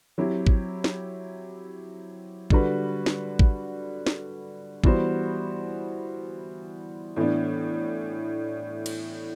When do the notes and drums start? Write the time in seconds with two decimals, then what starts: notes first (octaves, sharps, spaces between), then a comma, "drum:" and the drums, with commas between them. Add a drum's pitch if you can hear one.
0.18 F#3 C4 E4 G4
0.47 drum: kick G#1
0.84 drum: snare
2.50 D3 G3 D4 F#4 B4, drum: kick G#1
3.06 drum: snare
3.39 drum: kick G#1
4.07 drum: snare
4.84 E3 G3 B3 F#4 C5, drum: kick G#1
7.16 A2 E3 B3 D4
8.86 drum: cymbal